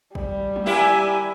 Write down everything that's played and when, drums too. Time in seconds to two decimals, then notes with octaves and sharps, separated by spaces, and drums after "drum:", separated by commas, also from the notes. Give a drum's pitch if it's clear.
0.15 G3, drum: kick
0.56 drum: tom G3
0.66 A#3 E4 G4 E5 G#5